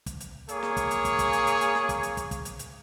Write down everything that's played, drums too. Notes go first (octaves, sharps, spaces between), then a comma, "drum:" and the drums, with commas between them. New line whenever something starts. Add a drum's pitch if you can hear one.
drum: kick, hi-hat
drum: hi-hat
A#3 G#4 C#5, drum: hi-hat
drum: snare
drum: kick, hi-hat
drum: hi-hat
drum: kick, hi-hat
drum: kick, hi-hat
drum: hi-hat
drum: hi-hat
drum: hi-hat
drum: snare
drum: kick, hi-hat
drum: hi-hat
drum: kick, hi-hat
drum: kick, hi-hat
drum: hi-hat
drum: hi-hat